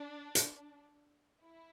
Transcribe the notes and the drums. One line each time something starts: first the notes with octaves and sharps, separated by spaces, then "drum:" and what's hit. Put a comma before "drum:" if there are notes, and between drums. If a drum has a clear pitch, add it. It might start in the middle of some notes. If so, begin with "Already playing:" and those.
Already playing: D4
drum: hi-hat
E4